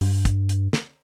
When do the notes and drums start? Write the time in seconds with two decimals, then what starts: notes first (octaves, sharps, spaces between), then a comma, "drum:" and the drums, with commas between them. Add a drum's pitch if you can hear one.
0.01 G2, drum: open hi-hat
0.25 drum: kick, hi-hat
0.49 drum: hi-hat
0.73 drum: snare